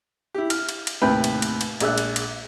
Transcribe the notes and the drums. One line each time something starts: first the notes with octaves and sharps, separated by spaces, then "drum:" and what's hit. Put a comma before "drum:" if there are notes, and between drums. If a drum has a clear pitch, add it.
E4 G4
F6, drum: cymbal
drum: cymbal
drum: cymbal
D#2 A2 C3 B4 G5 B5
drum: cymbal
drum: cymbal
drum: cymbal
A#1 G#3 E5 F#6, drum: cymbal
drum: cymbal
drum: cymbal